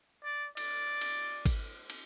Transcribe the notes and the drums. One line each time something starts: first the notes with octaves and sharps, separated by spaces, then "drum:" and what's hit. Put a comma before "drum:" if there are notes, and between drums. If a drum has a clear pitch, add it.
D5
D5, drum: cymbal
drum: cymbal
drum: kick G#1, cymbal
drum: cymbal